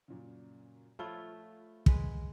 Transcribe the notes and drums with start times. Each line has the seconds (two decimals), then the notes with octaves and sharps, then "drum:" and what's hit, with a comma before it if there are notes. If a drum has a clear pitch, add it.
0.08 F#2 A#2 C#3
0.99 F3 A3 F4 C#5 F5 B5 G7
1.86 G#3 B4, drum: kick